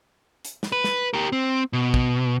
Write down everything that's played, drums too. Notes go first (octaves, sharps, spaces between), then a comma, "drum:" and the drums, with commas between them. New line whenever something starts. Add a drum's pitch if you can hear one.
drum: hi-hat
drum: snare
B4
drum: snare
G4 A#4
C4
B2
drum: kick